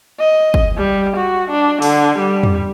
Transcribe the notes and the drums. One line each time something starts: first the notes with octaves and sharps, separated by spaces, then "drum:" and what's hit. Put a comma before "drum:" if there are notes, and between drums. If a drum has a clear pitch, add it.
D#5
drum: kick
G3
F#4
D4
D3, drum: open hi-hat
G3
drum: tom